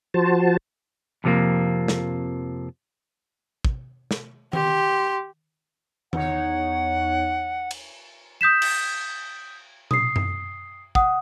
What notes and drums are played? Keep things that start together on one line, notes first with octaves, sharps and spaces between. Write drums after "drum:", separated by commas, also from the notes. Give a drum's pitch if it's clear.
F3 F#4 C5 A5
F2 C3 F3 A3 A#3
drum: snare
drum: kick
drum: snare
G4 C6, drum: tom D#3
E2 D#4 C#5 F#5, drum: tom D#3
drum: cymbal
D#6 G6 B6 E7
drum: cymbal
D#6 C7, drum: tom A#2
drum: tom F#2
F#5 D#6, drum: kick